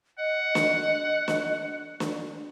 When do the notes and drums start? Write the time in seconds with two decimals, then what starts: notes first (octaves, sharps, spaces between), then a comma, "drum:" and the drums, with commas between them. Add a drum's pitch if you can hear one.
0.19 D#5 F#5
0.55 drum: snare
1.28 drum: snare
2.00 drum: snare